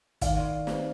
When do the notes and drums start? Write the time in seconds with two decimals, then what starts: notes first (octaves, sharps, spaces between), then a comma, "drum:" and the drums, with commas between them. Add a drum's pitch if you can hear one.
0.22 D#3 D5 F5, drum: kick, hi-hat
0.67 C4, drum: snare